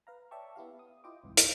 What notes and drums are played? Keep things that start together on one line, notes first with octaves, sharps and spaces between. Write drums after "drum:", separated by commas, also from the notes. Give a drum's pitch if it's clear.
B4 F5 A#5
C#5 D5 E5 G5 A5 C#6
B3 E4 G4 F5
D#6
E4 F4 D#5 G5 D6
C2 F2 G#2 E3
drum: hi-hat